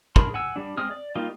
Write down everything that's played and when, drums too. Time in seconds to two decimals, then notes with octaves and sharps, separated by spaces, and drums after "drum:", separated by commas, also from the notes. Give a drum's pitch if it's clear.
0.16 D4 G#4 A#4 B5 C6, drum: kick
0.34 F#5 G#5 E6
0.56 G3 D4
0.77 G#3 C4 D#6 F6
0.91 D5
1.15 G3 A#3 D#4 F4